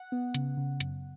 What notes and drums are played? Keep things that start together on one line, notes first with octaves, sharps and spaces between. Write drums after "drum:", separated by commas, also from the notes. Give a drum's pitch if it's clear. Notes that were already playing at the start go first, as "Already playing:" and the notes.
Already playing: F#5
B3
C#3, drum: hi-hat
C#3
F#2, drum: hi-hat